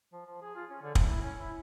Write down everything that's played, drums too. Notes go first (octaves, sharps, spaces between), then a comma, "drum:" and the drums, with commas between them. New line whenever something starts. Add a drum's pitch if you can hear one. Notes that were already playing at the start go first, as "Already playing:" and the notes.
F3
F3
G#4
F4
C#4
D3
A3, drum: kick
E4
C#4
E4